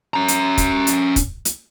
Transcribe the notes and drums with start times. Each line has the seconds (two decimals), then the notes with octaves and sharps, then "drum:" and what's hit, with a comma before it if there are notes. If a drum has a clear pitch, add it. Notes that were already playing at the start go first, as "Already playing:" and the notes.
0.14 C#4 A#5
0.28 drum: hi-hat
0.58 drum: kick, hi-hat
0.87 drum: hi-hat
1.16 drum: kick, hi-hat
1.45 drum: hi-hat